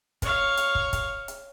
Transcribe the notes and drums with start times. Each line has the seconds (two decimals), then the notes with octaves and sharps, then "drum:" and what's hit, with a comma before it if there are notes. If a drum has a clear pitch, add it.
0.22 C#5 F5, drum: kick, hi-hat
0.57 drum: hi-hat
0.75 drum: kick
0.93 drum: kick, hi-hat
1.28 drum: hi-hat